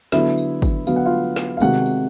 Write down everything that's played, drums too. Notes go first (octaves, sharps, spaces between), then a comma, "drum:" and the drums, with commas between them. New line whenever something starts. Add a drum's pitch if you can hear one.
D3 F#3 B3 E4 E5, drum: snare
drum: tambourine
drum: kick, tambourine
D3 F#3 B3 F5, drum: tambourine
F#5
F4 F5
drum: snare
F5
C3 D#3 G#3 F#4 F#5, drum: tambourine
drum: tambourine